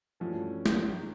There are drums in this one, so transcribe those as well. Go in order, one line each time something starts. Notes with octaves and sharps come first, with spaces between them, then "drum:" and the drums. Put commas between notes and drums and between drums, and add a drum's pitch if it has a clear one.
G2 E3 F3 A3 C#4 F#4
drum: snare
D#3 F#3